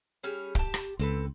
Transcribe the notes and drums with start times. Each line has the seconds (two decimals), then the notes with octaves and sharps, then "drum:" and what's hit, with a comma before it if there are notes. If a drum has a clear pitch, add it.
0.23 G3 C#4 G#4
0.55 G4 A5, drum: kick
0.74 drum: rim click
0.99 C#2 C4 A4 B4